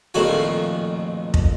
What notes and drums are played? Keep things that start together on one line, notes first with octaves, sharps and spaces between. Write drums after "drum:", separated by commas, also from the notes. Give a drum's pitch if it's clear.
A#1 F2 A2 D#3 F#4 G#5
drum: kick